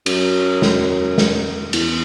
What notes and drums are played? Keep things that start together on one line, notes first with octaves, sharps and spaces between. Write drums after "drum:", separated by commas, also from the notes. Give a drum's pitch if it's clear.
F#2, drum: cymbal
drum: snare
drum: snare
E2, drum: cymbal